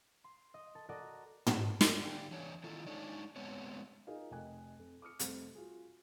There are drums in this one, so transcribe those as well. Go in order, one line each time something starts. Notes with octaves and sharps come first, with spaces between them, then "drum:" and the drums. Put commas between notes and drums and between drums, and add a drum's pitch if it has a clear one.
C6
D#5
A4
F#4 A4 A#4 D5 D#5
drum: tom
A2, drum: snare
D3 D4 G4
E2 E3 D4 C#5
D#3 E4 F4 A4
G#3 A#3 D4 D#4 C#5 D5
G#3 B3 C4 C#5
D#4 F4 G#4 A#4 D#5 F5
F1 D#5 G5 G#5 F#6
F2
D6 D#6 F6 C#7
F1 F2 C3 G3 A4 C5, drum: hi-hat
F4 F#4 G#4